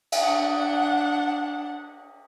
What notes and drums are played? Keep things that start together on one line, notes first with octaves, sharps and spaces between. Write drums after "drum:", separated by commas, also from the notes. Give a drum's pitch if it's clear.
drum: cymbal
D4 F#5